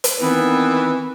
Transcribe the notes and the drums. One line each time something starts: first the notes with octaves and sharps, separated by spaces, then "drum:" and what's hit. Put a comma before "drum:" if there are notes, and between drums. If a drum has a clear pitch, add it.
drum: hi-hat
D#3 E3 B3 C4